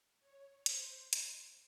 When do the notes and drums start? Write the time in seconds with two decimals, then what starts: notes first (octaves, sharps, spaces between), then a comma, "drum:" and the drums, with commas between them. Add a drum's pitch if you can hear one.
0.19 C#5
0.66 C5, drum: hi-hat
1.13 drum: hi-hat